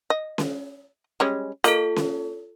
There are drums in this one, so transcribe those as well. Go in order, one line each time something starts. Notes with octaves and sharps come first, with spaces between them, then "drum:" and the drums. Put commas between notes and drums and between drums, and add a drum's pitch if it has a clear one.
D#5
drum: snare C#4
G3 G#3 C#4
A#3 F4 A4 D#5, drum: hi-hat
drum: snare C#4